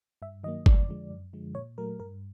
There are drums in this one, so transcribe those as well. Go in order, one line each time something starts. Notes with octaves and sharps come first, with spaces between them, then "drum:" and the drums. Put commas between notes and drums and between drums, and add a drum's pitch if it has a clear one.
G2 E5
D#3 F#3 A#3 D#5
F2 D5, drum: kick G1
D3 F3 G#3
F#2
D3 F3 G#3
A#2 C#5
F#3 A3 A#4
G2 A#4